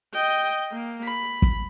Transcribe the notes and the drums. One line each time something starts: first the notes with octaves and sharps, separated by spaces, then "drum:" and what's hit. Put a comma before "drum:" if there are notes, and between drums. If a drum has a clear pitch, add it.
D#5 G5
A#3
B5
drum: kick